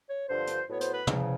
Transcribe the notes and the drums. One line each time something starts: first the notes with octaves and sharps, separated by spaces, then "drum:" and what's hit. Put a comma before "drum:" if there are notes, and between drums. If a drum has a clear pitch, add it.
C#5
G2 D3 F3 C5
drum: hi-hat
A2 F#3 B3 C#5
C5, drum: hi-hat
B4
E2 C#3 F3, drum: tom